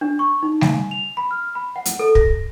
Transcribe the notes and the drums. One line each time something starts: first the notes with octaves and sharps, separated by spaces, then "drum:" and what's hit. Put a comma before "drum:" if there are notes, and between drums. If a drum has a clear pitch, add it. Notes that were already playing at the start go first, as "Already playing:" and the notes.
D4
C#6
D#4
G#5, drum: snare G3
F7
B5
F6
B5
F#5
drum: hi-hat
A4
A#6, drum: kick